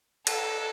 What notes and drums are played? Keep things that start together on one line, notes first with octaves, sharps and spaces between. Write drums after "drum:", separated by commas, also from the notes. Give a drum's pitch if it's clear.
A4, drum: cymbal